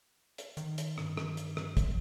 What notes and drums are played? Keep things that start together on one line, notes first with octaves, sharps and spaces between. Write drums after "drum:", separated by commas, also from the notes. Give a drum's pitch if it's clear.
drum: hi-hat
D#3, drum: hi-hat
drum: hi-hat
G2, drum: rim click
drum: rim click
drum: hi-hat
drum: rim click
drum: kick, hi-hat